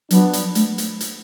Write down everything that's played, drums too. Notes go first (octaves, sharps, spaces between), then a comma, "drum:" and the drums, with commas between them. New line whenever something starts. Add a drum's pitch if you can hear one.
F#3 B3 D4, drum: hi-hat
drum: hi-hat
A3, drum: hi-hat
drum: hi-hat
drum: hi-hat